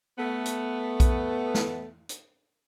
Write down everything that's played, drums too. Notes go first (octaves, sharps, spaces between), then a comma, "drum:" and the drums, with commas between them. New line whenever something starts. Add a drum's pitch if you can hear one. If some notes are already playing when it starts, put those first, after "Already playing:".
A3 B3
drum: hi-hat
drum: kick A#1, hi-hat
drum: snare
drum: hi-hat